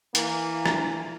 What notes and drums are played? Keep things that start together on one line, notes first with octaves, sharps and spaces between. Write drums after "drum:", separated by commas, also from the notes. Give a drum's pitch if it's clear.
E3 A#3, drum: hi-hat
drum: rim click